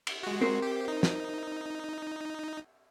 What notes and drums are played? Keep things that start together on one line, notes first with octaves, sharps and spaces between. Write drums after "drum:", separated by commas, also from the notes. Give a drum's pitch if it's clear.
drum: cymbal
G#3 F#4
C4 A#4 C5
G4
D#4
drum: snare